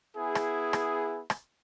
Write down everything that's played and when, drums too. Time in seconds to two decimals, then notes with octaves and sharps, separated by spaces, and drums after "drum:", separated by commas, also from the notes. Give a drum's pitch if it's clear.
0.16 B3 E4 G#4
0.35 drum: rim click
0.73 drum: rim click
1.30 drum: rim click